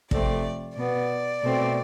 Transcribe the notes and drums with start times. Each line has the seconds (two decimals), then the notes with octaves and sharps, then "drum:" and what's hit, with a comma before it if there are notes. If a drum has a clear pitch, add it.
0.11 C3 F3 A3 C4 D5, drum: kick
0.76 B2 B3 D5
1.42 B2 A3 C4